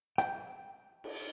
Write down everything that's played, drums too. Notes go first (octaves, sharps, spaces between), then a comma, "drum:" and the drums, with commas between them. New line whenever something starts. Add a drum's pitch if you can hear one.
G5, drum: rim click
drum: cymbal